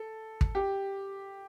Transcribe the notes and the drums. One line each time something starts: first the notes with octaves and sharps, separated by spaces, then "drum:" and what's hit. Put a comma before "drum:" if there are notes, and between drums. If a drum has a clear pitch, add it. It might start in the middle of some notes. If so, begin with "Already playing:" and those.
Already playing: A4
drum: kick
G4